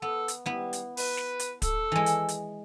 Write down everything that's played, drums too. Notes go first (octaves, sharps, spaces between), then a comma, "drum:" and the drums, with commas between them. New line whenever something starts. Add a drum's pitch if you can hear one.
B3 A4
drum: hi-hat
G3 B3 E4
drum: hi-hat
B4, drum: open hi-hat
drum: snare
drum: hi-hat
A4, drum: kick, hi-hat
E3 G#3
drum: hi-hat
drum: hi-hat